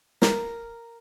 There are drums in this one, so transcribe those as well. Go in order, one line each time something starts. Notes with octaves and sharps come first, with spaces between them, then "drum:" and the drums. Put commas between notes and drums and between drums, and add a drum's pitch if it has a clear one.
A#4, drum: snare